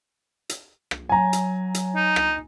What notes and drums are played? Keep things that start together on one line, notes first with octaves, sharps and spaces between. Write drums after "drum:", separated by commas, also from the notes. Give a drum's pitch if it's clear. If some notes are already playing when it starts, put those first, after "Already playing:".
drum: hi-hat
drum: rim click
F#3 G#5 A#5
drum: hi-hat
drum: hi-hat
D#4
drum: rim click